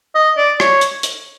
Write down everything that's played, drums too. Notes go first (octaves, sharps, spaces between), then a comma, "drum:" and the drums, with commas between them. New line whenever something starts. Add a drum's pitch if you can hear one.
D#5
D5
C#5, drum: rim click
drum: hi-hat
drum: hi-hat